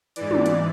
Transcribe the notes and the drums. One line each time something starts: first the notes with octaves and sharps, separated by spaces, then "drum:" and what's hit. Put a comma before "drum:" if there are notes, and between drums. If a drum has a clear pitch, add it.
G#2 E3 D5, drum: hi-hat
drum: tom
drum: hi-hat